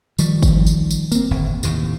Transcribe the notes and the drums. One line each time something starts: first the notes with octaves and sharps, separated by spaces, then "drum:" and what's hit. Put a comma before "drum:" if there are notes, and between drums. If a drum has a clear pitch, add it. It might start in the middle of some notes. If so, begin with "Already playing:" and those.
D#3 F3 G3, drum: tambourine
drum: kick, tambourine
drum: tambourine
drum: tambourine
A#3 C4, drum: tambourine
D1 G1 D#2
D#2 A2 C3, drum: tambourine